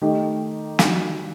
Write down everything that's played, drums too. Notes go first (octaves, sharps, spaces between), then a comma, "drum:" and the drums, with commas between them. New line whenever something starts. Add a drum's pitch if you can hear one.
D#3 A3 D#4 G4
D#3 G3 D4 F#4, drum: snare